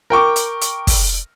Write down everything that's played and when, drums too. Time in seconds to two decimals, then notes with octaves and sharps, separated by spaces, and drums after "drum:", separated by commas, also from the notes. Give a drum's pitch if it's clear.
0.10 A#4 G5 C#6 D6
0.36 drum: hi-hat
0.62 drum: hi-hat
0.87 drum: kick, open hi-hat